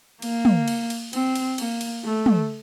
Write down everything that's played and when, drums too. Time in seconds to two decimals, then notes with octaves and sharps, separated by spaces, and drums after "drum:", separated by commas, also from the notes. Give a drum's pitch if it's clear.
0.22 A#3, drum: cymbal
0.45 drum: tom
0.68 drum: cymbal
0.90 drum: cymbal
1.13 C4, drum: cymbal
1.35 drum: cymbal
1.58 A#3, drum: cymbal
1.81 drum: cymbal
2.04 A3
2.26 drum: tom